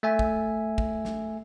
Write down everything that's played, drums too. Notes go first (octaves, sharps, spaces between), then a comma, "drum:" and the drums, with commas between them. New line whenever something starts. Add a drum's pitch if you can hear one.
A3 E5 G#5
drum: kick
drum: kick
drum: snare